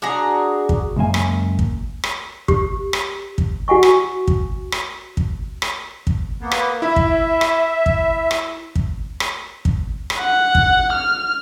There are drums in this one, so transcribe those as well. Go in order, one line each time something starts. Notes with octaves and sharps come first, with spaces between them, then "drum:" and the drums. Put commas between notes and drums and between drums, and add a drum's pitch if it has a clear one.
D4 F#4 G#4 A#5
drum: kick
C#2 F#2 A#3 G#5
drum: rim click
drum: kick
drum: rim click
G4, drum: kick
drum: rim click
drum: kick
F#4 F#5 G#5 C#6
drum: rim click
drum: kick
drum: rim click
drum: kick
drum: rim click
drum: kick
A#3 B3
drum: rim click
E4 E5
drum: kick
drum: rim click
drum: kick
drum: rim click
drum: kick
drum: rim click
drum: kick
drum: rim click
F#5
drum: kick
F6